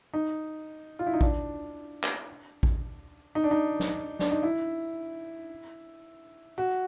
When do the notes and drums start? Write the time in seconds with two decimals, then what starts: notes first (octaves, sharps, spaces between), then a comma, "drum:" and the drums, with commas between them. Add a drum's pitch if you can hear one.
0.13 D#4
0.99 F4
1.06 E4
1.14 D#4
1.21 D4, drum: kick A1
2.04 drum: clap
2.63 drum: kick A1
3.35 D#4
3.44 D4
3.51 D#4
3.80 drum: snare
4.19 D4, drum: snare
4.31 D#4
4.43 E4
6.58 F#4